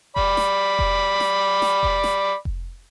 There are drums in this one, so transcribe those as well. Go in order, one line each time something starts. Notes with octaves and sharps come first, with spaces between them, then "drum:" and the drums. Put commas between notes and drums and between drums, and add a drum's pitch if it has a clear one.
D5 B5, drum: kick F1
drum: snare
drum: kick F1
drum: snare
drum: snare
drum: kick F1
drum: snare
drum: kick F1